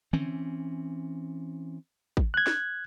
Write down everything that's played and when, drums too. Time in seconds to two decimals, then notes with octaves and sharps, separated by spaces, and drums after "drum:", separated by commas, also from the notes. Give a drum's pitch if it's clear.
0.13 E3 C4 C#4, drum: tom D3
2.17 drum: kick
2.34 F#6 G#6
2.47 drum: snare